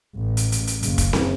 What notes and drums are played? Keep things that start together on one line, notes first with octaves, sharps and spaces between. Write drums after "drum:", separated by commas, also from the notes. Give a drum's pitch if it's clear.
A1
drum: hi-hat
drum: hi-hat
drum: hi-hat
F#1, drum: hi-hat
drum: kick, hi-hat
drum: snare C4